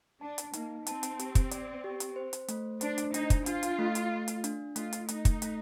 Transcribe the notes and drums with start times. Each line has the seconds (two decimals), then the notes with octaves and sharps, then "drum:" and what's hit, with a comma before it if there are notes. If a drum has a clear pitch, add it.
0.21 D4 A5
0.38 drum: hi-hat
0.53 A#3 D#4, drum: hi-hat
0.87 C4 A5, drum: hi-hat
1.03 drum: hi-hat
1.19 G4, drum: hi-hat
1.35 drum: kick, hi-hat
1.51 D5, drum: hi-hat
1.84 G4
2.00 drum: hi-hat
2.16 C5
2.33 drum: hi-hat
2.48 A3, drum: hi-hat
2.81 D4 C5, drum: hi-hat
2.98 drum: hi-hat
3.14 D4 D#4, drum: hi-hat
3.30 drum: kick, hi-hat
3.46 D4 F4, drum: hi-hat
3.63 drum: hi-hat
3.79 A3
3.95 drum: hi-hat
4.11 A3
4.28 drum: hi-hat
4.44 D4, drum: hi-hat
4.76 A3 F4, drum: hi-hat
4.93 drum: hi-hat
5.09 A3 D#4, drum: hi-hat
5.25 drum: kick, hi-hat
5.42 A3, drum: hi-hat